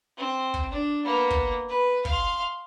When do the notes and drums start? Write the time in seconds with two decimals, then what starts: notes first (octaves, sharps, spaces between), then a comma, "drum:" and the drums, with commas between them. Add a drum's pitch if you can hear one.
0.17 C4
0.54 drum: kick
0.71 D4
1.05 A#3 B3
1.30 drum: kick
1.69 B4
2.05 F5 C6, drum: kick